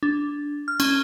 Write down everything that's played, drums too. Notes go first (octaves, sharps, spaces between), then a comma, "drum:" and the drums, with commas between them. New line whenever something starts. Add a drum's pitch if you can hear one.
D4
F6
C#4, drum: cymbal